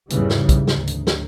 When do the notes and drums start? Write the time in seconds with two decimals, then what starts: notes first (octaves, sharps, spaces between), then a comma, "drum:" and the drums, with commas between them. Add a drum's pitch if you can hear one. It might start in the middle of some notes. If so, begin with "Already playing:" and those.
0.10 A1 E2 G#2 C#3 E3 G3, drum: hi-hat
0.30 drum: snare
0.49 drum: kick, hi-hat
0.67 D2, drum: snare
0.87 drum: hi-hat
1.07 drum: snare